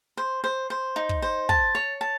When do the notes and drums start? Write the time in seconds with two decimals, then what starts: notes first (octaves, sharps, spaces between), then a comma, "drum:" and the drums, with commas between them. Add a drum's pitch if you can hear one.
0.17 C5
0.44 C5
0.70 C5
0.96 D#4
1.09 drum: kick
1.22 C5
1.49 A5, drum: kick
1.75 C#5
2.01 A5